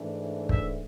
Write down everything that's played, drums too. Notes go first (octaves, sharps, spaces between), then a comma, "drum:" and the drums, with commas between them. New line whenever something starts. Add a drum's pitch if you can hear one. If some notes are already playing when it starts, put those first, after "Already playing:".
Already playing: G#2 E3 A3 D4
E5, drum: kick